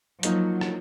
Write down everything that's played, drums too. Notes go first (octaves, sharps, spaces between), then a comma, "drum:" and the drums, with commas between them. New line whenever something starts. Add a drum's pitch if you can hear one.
F3 F#3 A#3 D#4, drum: hi-hat
drum: rim click